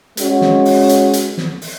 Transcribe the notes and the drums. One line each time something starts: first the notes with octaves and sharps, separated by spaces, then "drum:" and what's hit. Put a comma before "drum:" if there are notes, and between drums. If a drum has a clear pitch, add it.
G#3 C#4 F#4 C#5, drum: hi-hat
drum: snare
drum: open hi-hat
drum: hi-hat
drum: hi-hat
drum: snare
drum: open hi-hat